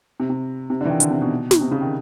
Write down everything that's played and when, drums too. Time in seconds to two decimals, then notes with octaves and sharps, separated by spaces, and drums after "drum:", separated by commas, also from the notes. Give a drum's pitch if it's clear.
0.20 C3
0.30 C3
0.70 C3
0.81 D3
0.85 E3
0.90 D#3
1.00 D3, drum: hi-hat
1.10 C3
1.21 B2
1.51 drum: snare
1.61 C3
1.71 C#3
1.81 D#3